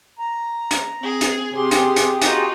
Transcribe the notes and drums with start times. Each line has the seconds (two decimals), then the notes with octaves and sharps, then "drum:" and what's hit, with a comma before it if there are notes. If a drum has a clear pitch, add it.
0.19 A#5
0.71 drum: hi-hat
1.00 C4 G#4
1.21 drum: hi-hat
1.54 C3 G4 G#4 C6
1.71 drum: hi-hat
1.96 drum: hi-hat
2.22 D#4 F4 F#4, drum: hi-hat